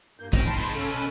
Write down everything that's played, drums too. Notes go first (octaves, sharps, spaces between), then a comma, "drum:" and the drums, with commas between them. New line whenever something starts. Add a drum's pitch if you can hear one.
G2 A#3 G6
D#2 C4 C#4 D#4 A#4, drum: kick
A5 B5 C6
G#2 G#3
C#3 C#4 A4
B2 B4